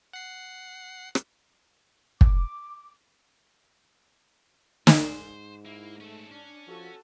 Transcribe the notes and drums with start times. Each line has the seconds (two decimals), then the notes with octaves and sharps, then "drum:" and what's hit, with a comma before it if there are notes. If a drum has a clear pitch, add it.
0.13 F#5 C7
1.15 drum: rim click
2.21 D6, drum: kick
4.87 G#2 C5, drum: snare
5.66 A#3 E4
6.00 A3 C#4 A4
6.31 C#4 D4
6.67 F3 F#4 A4